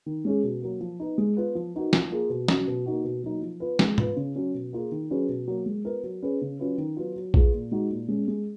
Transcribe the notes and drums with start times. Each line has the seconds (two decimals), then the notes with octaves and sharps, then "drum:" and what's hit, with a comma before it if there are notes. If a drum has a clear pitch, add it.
0.06 D#3
0.25 G#3 C#4 G#4
0.43 B2
0.62 F#3 A#3
0.81 F3
1.00 B3 D#4
1.18 G#3
1.37 B3 F4
1.55 F3
1.74 B3 D#4 F#4 A#4
1.93 F3, drum: snare
2.11 A#3 F4 G#4
2.30 B2
2.48 F#3 C#4 F#4, drum: snare
2.67 B2
2.86 A#3 D#4 F#4
3.04 B2
3.23 F#3 A#3 D#4
3.42 F3
3.60 B3 F4 B4
3.79 G#3, drum: snare
3.98 B3 F4 B4, drum: tom G#2
4.16 C#3
4.36 F#3 C#4
4.54 B2
4.73 A#3 F4 G#4
4.92 D#3
5.10 F#3 C#4 G#4 B4
5.29 B2
5.48 F#3 A#3
5.66 G#3
5.85 B3 F4 A#4
6.04 F#3
6.22 C#4 G#4 B4
6.41 C#3
6.59 F#3 C#4 F4 B4
6.78 D#3
6.97 F#3 B3 F4
7.16 F#3
7.34 B3 F4 G#4, drum: kick
7.53 A#2
7.71 G#3 D#4 F#4
7.90 A#2
8.08 G#3 C#4
8.28 G#3